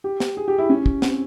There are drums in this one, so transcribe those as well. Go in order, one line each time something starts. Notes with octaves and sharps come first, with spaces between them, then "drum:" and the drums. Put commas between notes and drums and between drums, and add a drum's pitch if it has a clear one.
G4
drum: snare
G#4
G4
E4
C#4
drum: kick
C4, drum: snare